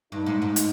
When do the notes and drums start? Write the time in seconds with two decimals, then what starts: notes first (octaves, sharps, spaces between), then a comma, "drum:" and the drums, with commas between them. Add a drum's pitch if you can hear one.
0.12 G2 D#4
0.26 G#2
0.42 G#2
0.56 drum: hi-hat